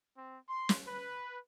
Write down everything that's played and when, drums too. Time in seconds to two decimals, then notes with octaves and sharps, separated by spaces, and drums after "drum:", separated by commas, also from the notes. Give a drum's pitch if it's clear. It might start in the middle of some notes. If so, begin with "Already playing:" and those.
0.17 C4
0.48 C6
0.69 drum: snare
0.86 B4